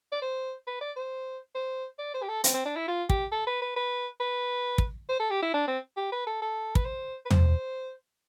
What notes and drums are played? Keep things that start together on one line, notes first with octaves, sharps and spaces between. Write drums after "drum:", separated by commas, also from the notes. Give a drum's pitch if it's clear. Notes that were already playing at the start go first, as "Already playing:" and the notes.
D5
C5
B4
D5
C5
C5
D5
C5
G4
A4
C4, drum: hi-hat
C4
D4
E4
F4
G4, drum: kick
A4
B4
B4
B4
B4
drum: kick
C5
A4
G4
E4
D4
C4
G4
B4
A4
A4
B4, drum: kick
C5
B4
C5, drum: tom